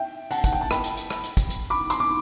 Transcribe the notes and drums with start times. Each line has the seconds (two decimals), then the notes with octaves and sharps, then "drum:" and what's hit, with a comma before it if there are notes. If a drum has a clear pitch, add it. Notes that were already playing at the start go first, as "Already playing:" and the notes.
Already playing: E5 G5
0.31 F#5 A5, drum: open hi-hat
0.44 F#5, drum: kick, hi-hat
0.52 G5
0.61 A5
0.71 G5 B5, drum: rim click
0.84 drum: hi-hat
0.97 drum: hi-hat
1.10 drum: rim click
1.24 drum: hi-hat
1.37 drum: kick, hi-hat
1.50 drum: hi-hat
1.70 B5 D6
1.90 C6, drum: hi-hat
2.00 D6